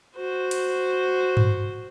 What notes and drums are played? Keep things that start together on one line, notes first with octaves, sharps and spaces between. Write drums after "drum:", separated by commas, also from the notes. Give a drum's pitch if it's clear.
F#4 C5
drum: hi-hat
drum: tom G2